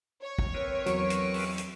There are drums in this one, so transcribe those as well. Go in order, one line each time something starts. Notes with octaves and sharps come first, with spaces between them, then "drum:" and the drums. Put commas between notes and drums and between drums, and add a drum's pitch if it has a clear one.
C#5
drum: kick
C4 A#4 B4
E2 F#3 C#6, drum: hi-hat
drum: hi-hat
drum: open hi-hat
drum: hi-hat